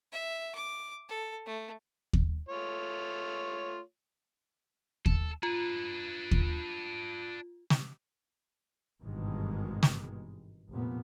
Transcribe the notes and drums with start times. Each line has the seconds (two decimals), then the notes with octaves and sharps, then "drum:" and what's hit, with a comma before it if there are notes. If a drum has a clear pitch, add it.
0.12 E5
0.55 D6
1.09 A4
1.46 A3
2.13 drum: kick D#2
2.49 A3 F4 C#5
5.06 A4, drum: kick D#2
5.43 D4 F4 B4
6.31 drum: kick D#2
7.70 drum: snare
9.03 G#1 G2 B2 D#3 E3 G#3
9.83 drum: snare
10.70 F1 A#2 B3